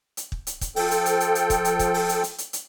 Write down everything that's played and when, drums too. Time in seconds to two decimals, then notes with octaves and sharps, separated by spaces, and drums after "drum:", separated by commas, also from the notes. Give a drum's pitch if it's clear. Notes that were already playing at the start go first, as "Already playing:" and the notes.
0.17 drum: hi-hat
0.32 drum: kick
0.47 drum: hi-hat
0.61 drum: kick, hi-hat
0.76 F3 A4 G5, drum: open hi-hat
0.91 drum: hi-hat
1.06 drum: hi-hat
1.20 drum: hi-hat
1.35 drum: hi-hat
1.50 drum: kick, hi-hat
1.65 drum: hi-hat
1.79 drum: kick, hi-hat
1.94 drum: open hi-hat
2.09 drum: hi-hat
2.24 drum: hi-hat
2.38 drum: hi-hat
2.53 drum: hi-hat